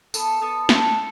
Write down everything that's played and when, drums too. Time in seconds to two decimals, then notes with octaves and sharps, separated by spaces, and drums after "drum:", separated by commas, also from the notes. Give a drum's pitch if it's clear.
0.14 B3 A4, drum: tambourine
0.42 B3 A4
0.69 D4 A4, drum: snare